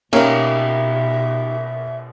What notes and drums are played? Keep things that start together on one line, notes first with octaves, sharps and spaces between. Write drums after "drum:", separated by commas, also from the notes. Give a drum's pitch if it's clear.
B2 A#3 C#4 D#4 G4 A#4 E5, drum: cymbal